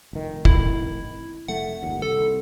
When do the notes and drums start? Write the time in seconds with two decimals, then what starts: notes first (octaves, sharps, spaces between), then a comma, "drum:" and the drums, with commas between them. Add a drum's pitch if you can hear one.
0.13 F1 D#3
0.45 E4, drum: kick
1.48 F1 A3 F#5
1.83 G1 D#2
2.02 C2 A4